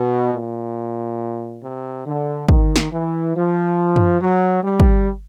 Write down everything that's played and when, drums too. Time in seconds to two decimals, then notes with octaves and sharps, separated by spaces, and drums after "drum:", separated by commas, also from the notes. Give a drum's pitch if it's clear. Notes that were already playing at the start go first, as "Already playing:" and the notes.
Already playing: B2
0.33 A#2
1.62 C3
2.06 D3
2.49 D#3, drum: kick
2.76 drum: snare
2.91 E3
3.35 F3
3.96 drum: tom F#2
4.21 F#3
4.64 G3
4.80 drum: kick